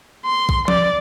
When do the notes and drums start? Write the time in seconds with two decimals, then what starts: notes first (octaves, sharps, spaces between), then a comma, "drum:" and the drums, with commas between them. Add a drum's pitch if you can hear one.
0.25 C6
0.49 drum: kick
0.68 D5, drum: tom F3